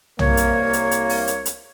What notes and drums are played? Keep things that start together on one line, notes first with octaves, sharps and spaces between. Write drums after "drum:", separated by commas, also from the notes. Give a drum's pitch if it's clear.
C2 A#3 C#5, drum: tom B1
drum: hi-hat
drum: hi-hat
drum: hi-hat
drum: open hi-hat
drum: hi-hat
drum: hi-hat